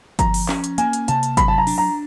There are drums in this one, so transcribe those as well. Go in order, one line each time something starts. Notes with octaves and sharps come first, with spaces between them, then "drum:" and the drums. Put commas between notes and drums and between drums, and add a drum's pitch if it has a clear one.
F3 A#5, drum: kick G1, hi-hat
drum: open hi-hat
C#4, drum: clap
drum: hi-hat
A#3 G#5, drum: hi-hat
drum: hi-hat
C3 A5, drum: hi-hat
drum: hi-hat
F#3 B5, drum: kick G1, hi-hat
A5
A#5
D4, drum: open hi-hat
A#5